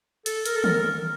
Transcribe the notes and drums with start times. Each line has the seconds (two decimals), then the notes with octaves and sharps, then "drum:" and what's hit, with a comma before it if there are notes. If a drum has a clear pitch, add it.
0.26 A4, drum: hi-hat
0.46 A#4, drum: hi-hat
0.56 A4
0.64 A#4, drum: tom